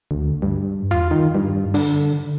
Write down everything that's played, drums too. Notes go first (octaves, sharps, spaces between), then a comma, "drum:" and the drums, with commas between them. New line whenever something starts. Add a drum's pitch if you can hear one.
D2
G2
F4, drum: tom E2
D#3
G2
D3, drum: open hi-hat